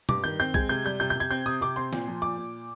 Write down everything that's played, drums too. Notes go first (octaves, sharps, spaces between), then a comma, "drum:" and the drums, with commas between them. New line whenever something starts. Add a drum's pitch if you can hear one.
G2 D6, drum: tom
D#3 G6
C4 G6
G#3 G#6, drum: kick B1
C3 G6
G3 G6
C3 G6
G6
C3 G#6
C4 G6
C3 D#6
C3 D6
C4 C6
A#2, drum: snare
F3
A#2 D6
A#2